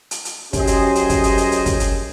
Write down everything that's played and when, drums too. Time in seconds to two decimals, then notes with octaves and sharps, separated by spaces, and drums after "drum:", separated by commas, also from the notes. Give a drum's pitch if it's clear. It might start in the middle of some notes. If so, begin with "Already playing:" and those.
0.11 drum: hi-hat
0.25 drum: hi-hat
0.53 F#2 C#4 G4 G#4 C5 D#5, drum: kick, hi-hat
0.67 drum: hi-hat
0.95 drum: hi-hat
1.09 drum: kick, hi-hat
1.24 drum: hi-hat
1.38 drum: hi-hat
1.52 drum: hi-hat
1.66 drum: kick, hi-hat
1.80 drum: hi-hat